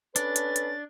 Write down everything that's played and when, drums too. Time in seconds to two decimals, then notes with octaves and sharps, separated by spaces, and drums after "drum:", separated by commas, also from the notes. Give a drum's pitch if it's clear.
0.16 C#4 D4 A4 B4 A6, drum: hi-hat
0.36 drum: hi-hat
0.56 drum: hi-hat